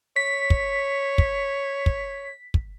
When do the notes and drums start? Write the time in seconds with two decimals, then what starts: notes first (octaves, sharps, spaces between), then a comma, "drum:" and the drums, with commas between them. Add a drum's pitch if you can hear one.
0.16 C#5 B6
0.50 drum: kick
1.18 drum: kick
1.86 drum: kick
2.54 drum: kick